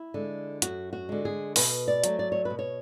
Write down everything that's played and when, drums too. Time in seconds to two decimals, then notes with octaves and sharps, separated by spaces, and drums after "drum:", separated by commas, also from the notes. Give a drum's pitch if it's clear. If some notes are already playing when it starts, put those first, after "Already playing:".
Already playing: E4
0.14 D3 G#3
0.62 F#2 F#4, drum: hi-hat
0.93 F#4
1.09 D3 G#3
1.25 G#4
1.56 B2 B4, drum: open hi-hat
1.88 D5
2.04 F#3 A3, drum: hi-hat
2.19 D5
2.32 C#5
2.45 B2 B4
2.59 C#5